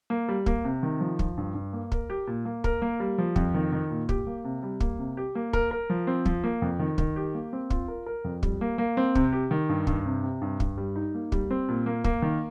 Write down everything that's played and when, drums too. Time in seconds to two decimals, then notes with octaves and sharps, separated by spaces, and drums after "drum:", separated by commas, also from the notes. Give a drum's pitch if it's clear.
0.10 A#3
0.28 G3
0.46 A#3, drum: kick
0.64 C3
0.83 D#3
1.00 F3
1.19 F3, drum: kick
1.37 G2
1.55 G2
1.73 A#3
1.92 A#4, drum: kick
2.10 G4
2.27 A#2
2.45 A#3
2.64 A#4, drum: kick
2.82 A#3
3.00 G3
3.18 F3
3.36 F2, drum: kick
3.54 D#3
3.72 D#3
3.90 A#2
4.09 G4, drum: kick
4.27 A#3
4.44 C3
4.63 G3
4.80 A#3, drum: kick
4.99 C3
5.17 G4
5.35 A#3
5.53 A#4, drum: kick
5.71 A#4
5.90 F3
6.07 C4
6.25 F3, drum: kick
6.44 A#3
6.62 F2
6.79 D#3
6.98 D#3, drum: kick
7.16 G4
7.34 A#3
7.53 C4
7.70 F4, drum: kick
7.88 A#4
8.06 A#4
8.24 F2
8.43 G3, drum: kick
8.61 A#3
8.78 A#3
8.97 C4
9.15 C3, drum: kick
9.33 G4
9.51 D#3
9.69 G2
9.87 G2, drum: kick
10.05 C3
10.23 C3
10.42 G2
10.60 G2, drum: kick
10.77 G3
10.96 D#4
11.14 A#3
11.32 G3, drum: kick
11.51 C4
11.69 A#2
11.86 A#3
12.04 A#3, drum: kick
12.22 D#3